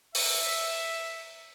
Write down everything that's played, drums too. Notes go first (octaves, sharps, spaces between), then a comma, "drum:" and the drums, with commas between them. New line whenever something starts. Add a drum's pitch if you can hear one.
E5, drum: open hi-hat